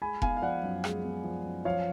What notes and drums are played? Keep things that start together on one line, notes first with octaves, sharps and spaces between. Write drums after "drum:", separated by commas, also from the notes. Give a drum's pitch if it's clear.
G#3 G#5 B5
B3 F5 G#5, drum: kick F1
F5
F3 D5 F#5
F#2
G#3, drum: rim click
B3
F3
F#2
F3 C#5 F5